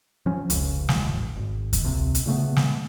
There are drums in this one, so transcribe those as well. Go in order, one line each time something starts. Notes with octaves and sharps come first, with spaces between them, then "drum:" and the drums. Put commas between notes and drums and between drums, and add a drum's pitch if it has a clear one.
F3 C#4
F1 C#2, drum: hi-hat
E1 A1, drum: snare
G#1
drum: kick D2, hi-hat
A#1 C3
drum: hi-hat
A#2 C#3 A3 B3
drum: snare